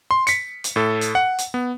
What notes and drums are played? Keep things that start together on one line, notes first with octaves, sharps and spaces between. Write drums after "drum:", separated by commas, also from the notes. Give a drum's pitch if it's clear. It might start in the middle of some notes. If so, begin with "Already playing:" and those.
C6
B6 C#7, drum: hi-hat
drum: hi-hat
A2 A4
drum: hi-hat
F#5
drum: hi-hat
B3